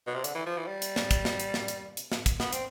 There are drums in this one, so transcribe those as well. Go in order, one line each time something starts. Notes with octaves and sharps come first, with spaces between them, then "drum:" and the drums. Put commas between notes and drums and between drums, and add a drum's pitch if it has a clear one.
B2
C3
D3, drum: hi-hat
E3
F3
E3
G3
drum: hi-hat
drum: snare
drum: kick, hi-hat
drum: snare
drum: hi-hat
drum: snare
drum: hi-hat
drum: hi-hat
drum: snare
drum: kick, hi-hat
B3, drum: snare
C4, drum: hi-hat